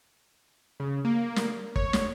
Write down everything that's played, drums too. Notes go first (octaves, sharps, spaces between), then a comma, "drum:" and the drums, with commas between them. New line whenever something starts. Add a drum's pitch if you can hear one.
C#3
A#3
drum: snare
C#5, drum: kick
drum: snare